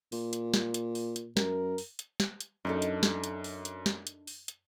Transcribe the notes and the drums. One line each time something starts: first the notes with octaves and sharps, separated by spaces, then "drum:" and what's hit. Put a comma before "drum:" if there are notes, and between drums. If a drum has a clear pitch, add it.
A#2, drum: open hi-hat
drum: hi-hat
drum: snare
drum: hi-hat
drum: open hi-hat
drum: hi-hat
F#2 A#4, drum: snare
drum: open hi-hat
drum: hi-hat
drum: snare
drum: hi-hat
F#2 D4 D#4 A4
drum: hi-hat
drum: snare
drum: hi-hat
drum: open hi-hat
drum: hi-hat
drum: snare
drum: hi-hat
drum: open hi-hat
drum: hi-hat